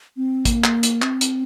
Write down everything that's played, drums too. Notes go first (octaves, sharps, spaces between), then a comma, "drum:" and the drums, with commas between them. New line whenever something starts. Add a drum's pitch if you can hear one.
C4
A#3, drum: kick A1, hi-hat
drum: clap
drum: hi-hat
C4, drum: clap
drum: hi-hat